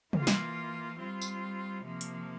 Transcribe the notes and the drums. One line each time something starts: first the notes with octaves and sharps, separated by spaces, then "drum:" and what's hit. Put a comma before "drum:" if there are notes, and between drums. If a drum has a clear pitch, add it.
E3 A#3 F4, drum: tom
drum: snare
G3 C4 F4
drum: tambourine
C3 F3 A#3
drum: hi-hat